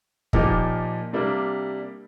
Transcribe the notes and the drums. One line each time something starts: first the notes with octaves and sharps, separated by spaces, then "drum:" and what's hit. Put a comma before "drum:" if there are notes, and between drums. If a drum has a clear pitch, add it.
A#2 F3 A#3 D#4 G4, drum: kick
C3 G3 A#3 D4